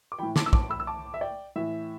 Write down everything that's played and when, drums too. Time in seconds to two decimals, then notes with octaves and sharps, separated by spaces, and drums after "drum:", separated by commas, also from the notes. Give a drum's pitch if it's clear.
0.12 D6
0.19 A2 E3 G5 B5
0.36 A5 D6, drum: snare
0.46 E6
0.53 A5 D6, drum: kick
0.70 B5 E6
0.80 E6
0.87 A5 D6
1.14 E5
1.21 D5 G5
1.56 A2 E3 E5